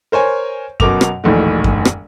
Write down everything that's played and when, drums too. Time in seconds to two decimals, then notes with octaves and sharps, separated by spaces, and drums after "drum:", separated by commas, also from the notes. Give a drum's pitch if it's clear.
0.12 A#4 C5 C#5 G#5
0.80 F#2 B2 A#4 D6 F7, drum: kick F#2
1.01 drum: rim click
1.24 E1 A#1 A2 D#3
1.64 drum: kick F#2
1.85 drum: rim click